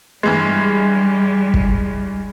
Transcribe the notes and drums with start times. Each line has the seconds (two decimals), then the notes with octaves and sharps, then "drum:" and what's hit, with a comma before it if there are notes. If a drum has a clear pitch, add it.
0.23 G2 E3 G3 G#3
1.54 drum: kick